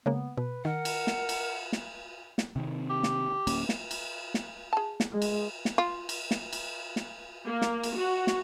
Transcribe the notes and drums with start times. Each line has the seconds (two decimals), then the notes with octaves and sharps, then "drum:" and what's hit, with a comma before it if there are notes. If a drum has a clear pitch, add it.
0.06 C#3 G#3 A#3 B3
0.37 B2 B4
0.65 D#3 A#4 F#5
0.85 drum: cymbal
1.07 drum: snare
1.29 drum: cymbal
1.72 drum: snare
2.38 drum: snare
2.56 C3 D#3 C4
2.90 G4
3.03 drum: snare
3.47 D1 A#3 C#4, drum: cymbal
3.69 drum: snare
3.91 drum: cymbal
4.34 drum: snare
4.73 G#4 A5
5.00 drum: snare
5.11 G#3
5.22 drum: cymbal
5.65 drum: snare
5.78 F4
6.09 drum: cymbal
6.31 drum: snare
6.53 drum: cymbal
6.96 drum: snare
7.46 A#3
7.62 drum: snare
7.83 drum: cymbal
7.97 F#4
8.27 drum: snare